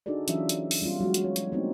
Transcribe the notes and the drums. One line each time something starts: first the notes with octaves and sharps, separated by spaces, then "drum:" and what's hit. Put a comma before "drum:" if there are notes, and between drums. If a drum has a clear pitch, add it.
D4 D#4 F#4 G#4 A4 D5
E3 F#3 C#4 D4 F4 E5, drum: hi-hat
drum: hi-hat
drum: open hi-hat
G3 B3 C#4 F4
F#3 G#3 F#4
drum: hi-hat
C#5
drum: hi-hat
A3 B3 C4 D4 D#4